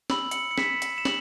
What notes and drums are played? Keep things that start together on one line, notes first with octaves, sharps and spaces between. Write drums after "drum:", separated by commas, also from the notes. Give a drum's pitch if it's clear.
B5 E6 F#7, drum: snare
C#7 F#7, drum: hi-hat
C#7
B6 E7, drum: snare
drum: hi-hat
E7
F#7, drum: snare